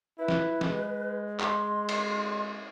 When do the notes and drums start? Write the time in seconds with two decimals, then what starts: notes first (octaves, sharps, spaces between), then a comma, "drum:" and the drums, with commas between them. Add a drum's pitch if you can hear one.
0.19 E4 B4
0.28 drum: snare
0.61 G#3, drum: snare
1.40 C6, drum: clap
1.89 drum: cymbal